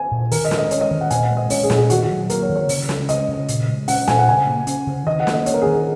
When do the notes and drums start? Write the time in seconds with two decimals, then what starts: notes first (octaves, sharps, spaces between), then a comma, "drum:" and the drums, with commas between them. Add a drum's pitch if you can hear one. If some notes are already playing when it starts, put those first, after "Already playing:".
Already playing: G#5
0.11 A#2
0.31 D#3 A#4, drum: open hi-hat
0.45 D#5
0.51 G#3, drum: snare
0.58 D#5
0.71 C#4 C#5, drum: hi-hat
0.81 D#5
0.91 D#3
1.01 F#5
1.10 A#2 G#5, drum: hi-hat
1.24 F#5
1.31 G#3
1.37 D#5
1.50 C#4 C#5, drum: open hi-hat
1.63 G#4
1.70 A#2, drum: snare
1.76 G#4
1.90 D#3 F#4, drum: hi-hat
2.03 F#4
2.10 F#3
2.30 A#3 A#4, drum: hi-hat
2.42 C#5
2.49 D#3
2.56 C#5
2.69 C#3, drum: open hi-hat
2.89 G#3, drum: snare
3.09 C#4 D#5, drum: hi-hat
3.28 C#3
3.48 A#2, drum: hi-hat
3.68 G#3
3.88 C#4 F#5, drum: open hi-hat
4.08 A#2 G#5, drum: snare
4.19 F#5
4.28 C#3 G#5
4.47 A#3
4.67 C#4, drum: hi-hat
4.87 C#3
5.07 D#3 D#5
5.20 F#5
5.27 A#3, drum: snare
5.33 D#5
5.46 C#4 C#5, drum: hi-hat
5.54 A#4
5.62 G#4
5.66 D#3 A#4